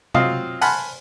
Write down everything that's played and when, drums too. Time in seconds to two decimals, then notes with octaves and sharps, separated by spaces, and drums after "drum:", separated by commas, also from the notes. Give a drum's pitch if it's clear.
0.14 F#3 C4 F4 D#5 F5, drum: tom C3
0.61 F#5 G#5 A5 B5 C6 F6, drum: open hi-hat